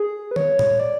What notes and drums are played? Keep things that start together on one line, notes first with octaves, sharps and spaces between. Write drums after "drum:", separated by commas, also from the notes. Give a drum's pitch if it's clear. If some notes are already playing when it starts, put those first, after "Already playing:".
Already playing: G#4
B4
C#5, drum: tom D#3
drum: tom A2
D5